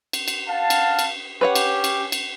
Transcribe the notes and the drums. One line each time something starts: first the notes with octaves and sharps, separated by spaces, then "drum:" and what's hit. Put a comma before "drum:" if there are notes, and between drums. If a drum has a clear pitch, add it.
drum: cymbal
drum: cymbal
F5 F#5 A5
drum: cymbal
drum: cymbal
C#4 G4 B4 C#5 F#5
drum: cymbal
drum: cymbal
drum: cymbal